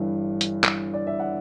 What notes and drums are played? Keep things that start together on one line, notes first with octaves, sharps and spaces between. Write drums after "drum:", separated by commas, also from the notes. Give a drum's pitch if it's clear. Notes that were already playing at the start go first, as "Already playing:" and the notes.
Already playing: G1 G2 E3
drum: hi-hat
drum: clap
D5
E5
F#5